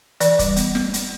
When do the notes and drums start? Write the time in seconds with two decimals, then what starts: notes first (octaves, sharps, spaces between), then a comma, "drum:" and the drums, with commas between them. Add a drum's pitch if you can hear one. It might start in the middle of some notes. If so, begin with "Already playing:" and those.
0.20 E3 D5, drum: hi-hat
0.39 G3, drum: kick, hi-hat
0.56 B3, drum: hi-hat
0.75 B3, drum: snare
0.94 B3, drum: hi-hat